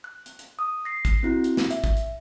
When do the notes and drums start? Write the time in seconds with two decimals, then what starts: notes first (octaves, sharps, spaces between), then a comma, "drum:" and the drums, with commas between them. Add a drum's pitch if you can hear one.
0.04 F#6
0.26 drum: hi-hat
0.39 drum: hi-hat
0.59 D#6
0.85 A#6 C7
1.05 drum: kick, hi-hat
1.23 C4 E4 F#4
1.44 drum: hi-hat
1.57 drum: snare
1.70 E5, drum: hi-hat
1.84 drum: kick, hi-hat
1.97 drum: hi-hat